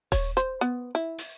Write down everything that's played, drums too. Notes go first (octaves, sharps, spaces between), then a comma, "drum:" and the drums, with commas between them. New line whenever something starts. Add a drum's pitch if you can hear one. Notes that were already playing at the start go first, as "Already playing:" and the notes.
C#5, drum: kick D#1, open hi-hat
C5, drum: hi-hat
B3
E4
drum: open hi-hat